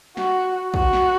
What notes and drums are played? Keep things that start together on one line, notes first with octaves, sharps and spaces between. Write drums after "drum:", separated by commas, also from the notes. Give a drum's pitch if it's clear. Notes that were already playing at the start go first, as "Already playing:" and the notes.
F#4, drum: snare
F#4, drum: kick
drum: snare